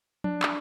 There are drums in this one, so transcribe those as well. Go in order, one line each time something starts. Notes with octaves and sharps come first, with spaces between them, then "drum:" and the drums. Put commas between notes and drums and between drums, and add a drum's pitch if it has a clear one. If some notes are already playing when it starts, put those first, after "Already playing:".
D4, drum: tom F3
drum: clap